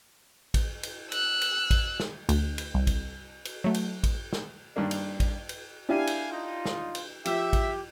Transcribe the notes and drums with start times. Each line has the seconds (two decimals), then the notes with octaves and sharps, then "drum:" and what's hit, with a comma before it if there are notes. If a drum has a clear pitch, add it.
0.54 drum: kick A1, cymbal
0.83 drum: cymbal
1.12 E6 F#6, drum: cymbal
1.41 drum: cymbal
1.71 drum: kick A1, cymbal
2.00 drum: snare
2.29 D2, drum: cymbal
2.58 drum: cymbal
2.74 C2
2.87 drum: kick A1, cymbal
3.45 drum: cymbal
3.64 F#3 A3
3.74 drum: cymbal
4.03 drum: kick A1, cymbal
4.33 drum: snare
4.76 G2 D#3 A#3 D4
4.91 drum: cymbal
5.20 drum: kick A1, cymbal
5.49 drum: cymbal
5.89 D4 E4 G4 F5 G#5
6.07 drum: cymbal
6.31 D#4 F4
6.66 drum: snare
6.95 drum: cymbal
7.25 F3 G4 E5, drum: cymbal
7.53 drum: kick A1, cymbal